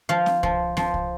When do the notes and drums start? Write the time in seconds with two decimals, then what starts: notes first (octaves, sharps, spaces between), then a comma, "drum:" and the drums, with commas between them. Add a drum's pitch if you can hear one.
0.09 F3 F5
0.26 drum: snare C4
0.43 F3, drum: kick C2
0.77 F3, drum: snare C4
0.94 drum: kick C2